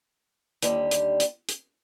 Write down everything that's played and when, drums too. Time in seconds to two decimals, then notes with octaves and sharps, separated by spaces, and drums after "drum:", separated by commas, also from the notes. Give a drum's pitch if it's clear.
0.62 D#2 D3 G3, drum: hi-hat
0.91 drum: hi-hat
1.20 drum: hi-hat
1.49 drum: hi-hat